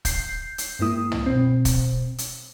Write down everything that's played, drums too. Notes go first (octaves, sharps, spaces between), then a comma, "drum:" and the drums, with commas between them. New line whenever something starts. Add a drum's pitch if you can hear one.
G6 C7, drum: kick, hi-hat
drum: hi-hat
G2 G#3 A#3 E4 D#6
drum: tom
B2 C4
drum: kick, hi-hat
drum: hi-hat